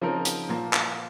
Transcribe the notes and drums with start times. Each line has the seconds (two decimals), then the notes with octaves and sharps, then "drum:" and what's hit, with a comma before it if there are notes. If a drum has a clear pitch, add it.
0.01 C#3 F3 C4 D#4 A#4
0.25 drum: hi-hat
0.49 A#2 F3 A#3
0.73 drum: clap